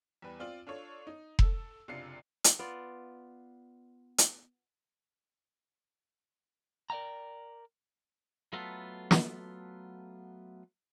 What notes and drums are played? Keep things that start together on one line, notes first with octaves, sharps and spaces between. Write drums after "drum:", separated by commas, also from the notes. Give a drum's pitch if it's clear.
E2 G3 B4
C4 F4 D5 F#7
D4 F4 A4 C#5
D#4
A4 E6, drum: kick F1
F#1 C3 D4 F4 C7 C#7
drum: hi-hat
B3 F4 D5
drum: hi-hat
A#4 D5 F5 G5 A#5
F#3 A3 B3 F4 A4 B4
drum: snare